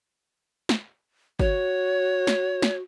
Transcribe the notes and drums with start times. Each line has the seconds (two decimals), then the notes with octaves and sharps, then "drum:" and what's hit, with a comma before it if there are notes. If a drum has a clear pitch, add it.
0.69 drum: snare
1.39 F#4 C#5, drum: kick
2.27 drum: snare
2.62 drum: snare